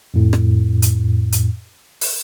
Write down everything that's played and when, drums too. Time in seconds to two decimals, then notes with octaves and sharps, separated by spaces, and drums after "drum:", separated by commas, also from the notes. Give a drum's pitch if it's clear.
0.14 F2 A2
0.33 drum: rim click
0.82 drum: hi-hat
1.32 drum: hi-hat
2.01 drum: open hi-hat